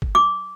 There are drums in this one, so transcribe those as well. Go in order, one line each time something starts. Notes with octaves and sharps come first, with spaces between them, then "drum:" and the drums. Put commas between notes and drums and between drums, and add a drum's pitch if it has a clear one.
drum: kick
D6